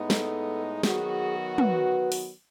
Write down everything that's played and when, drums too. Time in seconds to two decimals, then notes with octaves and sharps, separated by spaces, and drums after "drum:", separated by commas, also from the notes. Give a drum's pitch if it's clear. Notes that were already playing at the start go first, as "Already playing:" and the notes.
Already playing: A2 G#3 B3 D#4
0.10 A4, drum: snare
0.83 D#3 F#3 B3 F#4 G#4, drum: snare
1.58 B4, drum: tom
2.12 drum: open hi-hat